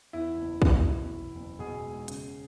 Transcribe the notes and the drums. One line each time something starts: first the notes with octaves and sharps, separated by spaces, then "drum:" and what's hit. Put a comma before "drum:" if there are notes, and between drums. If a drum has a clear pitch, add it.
E2 E4
F#1
B2 E4, drum: kick
F#1
E2
F#1
B2 G#4
G#3
C#3, drum: hi-hat